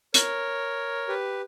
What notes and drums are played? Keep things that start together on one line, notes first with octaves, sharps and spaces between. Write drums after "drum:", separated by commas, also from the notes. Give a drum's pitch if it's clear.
A#4 C#5, drum: hi-hat
G4 B4